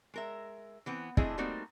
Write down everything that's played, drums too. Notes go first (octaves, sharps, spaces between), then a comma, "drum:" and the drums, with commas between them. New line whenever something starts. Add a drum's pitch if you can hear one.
G#3 A#4 E5
E3 B3 C4
A3 C4 D4 E4 G#4 D#5, drum: kick
G3 A3 A#3 C4 D#4 F#4